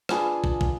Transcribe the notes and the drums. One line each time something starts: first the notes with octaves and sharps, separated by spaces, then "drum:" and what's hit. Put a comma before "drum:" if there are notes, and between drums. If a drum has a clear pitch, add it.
D4 F4 G#4 B4, drum: rim click
drum: kick
drum: kick